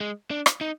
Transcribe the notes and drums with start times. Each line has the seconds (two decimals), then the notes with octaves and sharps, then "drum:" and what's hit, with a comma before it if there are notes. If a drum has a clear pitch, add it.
0.01 G#3
0.31 D4
0.46 drum: rim click
0.61 D#4